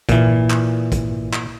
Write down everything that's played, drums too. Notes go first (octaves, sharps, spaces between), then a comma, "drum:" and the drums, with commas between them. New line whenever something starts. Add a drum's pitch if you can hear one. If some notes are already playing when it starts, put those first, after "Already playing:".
A#2 E3, drum: kick, hi-hat
drum: clap
drum: kick, hi-hat
drum: clap